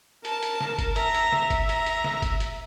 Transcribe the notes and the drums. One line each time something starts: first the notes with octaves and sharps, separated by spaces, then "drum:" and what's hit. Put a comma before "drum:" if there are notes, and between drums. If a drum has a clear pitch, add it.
A#4 A5, drum: hi-hat
drum: hi-hat
drum: snare
drum: kick F#1, hi-hat
E5 A#5, drum: hi-hat
drum: hi-hat
drum: snare
drum: kick F#1, hi-hat
A#5, drum: hi-hat
drum: hi-hat
drum: snare
drum: kick F#1, hi-hat
drum: hi-hat